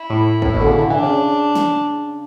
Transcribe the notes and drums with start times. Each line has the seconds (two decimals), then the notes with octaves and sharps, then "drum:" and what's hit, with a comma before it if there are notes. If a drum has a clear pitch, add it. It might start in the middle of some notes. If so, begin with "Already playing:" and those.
Already playing: E4
0.10 A2
0.42 A2, drum: kick
0.54 B2
0.61 D3
0.66 C#3
0.79 D3
0.90 E3 D4
1.03 C#3
1.56 drum: snare